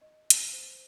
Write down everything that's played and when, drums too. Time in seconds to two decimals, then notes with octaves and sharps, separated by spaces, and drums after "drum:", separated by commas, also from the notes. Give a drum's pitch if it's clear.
0.01 D#5
0.30 drum: hi-hat
0.53 C5